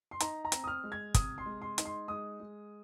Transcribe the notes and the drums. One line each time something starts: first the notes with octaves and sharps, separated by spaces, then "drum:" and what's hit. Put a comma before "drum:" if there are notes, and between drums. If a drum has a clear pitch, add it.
C6
D#4 A#5, drum: hi-hat
A#5
C4, drum: hi-hat
D#6
F6
G#3
G#6
C3 D#6, drum: kick, hi-hat
C6
G#3
C6
D#4, drum: hi-hat
C6
G#3 D#6
G#3